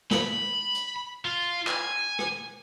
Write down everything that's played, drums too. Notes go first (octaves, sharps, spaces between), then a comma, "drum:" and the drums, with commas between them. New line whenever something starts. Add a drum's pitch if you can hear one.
B5, drum: snare
drum: hi-hat
F4
G#5, drum: clap
drum: rim click